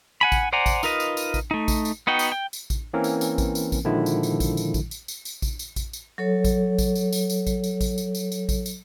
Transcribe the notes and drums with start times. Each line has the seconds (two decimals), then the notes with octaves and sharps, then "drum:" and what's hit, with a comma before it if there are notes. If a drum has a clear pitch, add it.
0.21 F#5 G#5 B5
0.32 drum: kick A1, tambourine
0.53 C5 D5 F#5 G#5 A#5
0.66 drum: kick A1, tambourine
0.83 D#4 F4 A#4 B4 D#5, drum: tambourine
1.00 drum: tambourine
1.17 drum: tambourine
1.34 drum: kick A1, tambourine
1.51 A3 D#4
1.68 drum: kick A1, tambourine
1.85 drum: tambourine
2.07 B3 D#4 F#4 G5
2.19 drum: tambourine
2.32 G5
2.53 drum: tambourine
2.70 drum: kick A1, tambourine
2.94 E3 A#3 C4 C#4 A#4
3.04 drum: tambourine
3.21 drum: tambourine
3.38 drum: kick A1, tambourine
3.55 drum: tambourine
3.72 drum: kick A1, tambourine
3.85 A#2 D3 D#3 F3 G#3 E4
4.06 drum: tambourine
4.23 drum: tambourine
4.40 drum: kick A1, tambourine
4.57 drum: tambourine
4.74 drum: kick A1, tambourine
4.91 drum: tambourine
5.08 drum: tambourine
5.25 drum: tambourine
5.42 drum: kick A1, tambourine
5.59 drum: tambourine
5.76 drum: kick A1, tambourine
5.93 drum: tambourine
6.18 F#3 A4 C#5
6.44 drum: kick A1, tambourine
6.79 drum: kick A1, tambourine
6.96 drum: tambourine
7.13 drum: tambourine
7.30 drum: tambourine
7.47 drum: kick A1, tambourine
7.64 drum: tambourine
7.81 drum: kick A1, tambourine
7.98 drum: tambourine
8.15 drum: tambourine
8.32 drum: tambourine
8.49 drum: kick A1, tambourine
8.66 drum: tambourine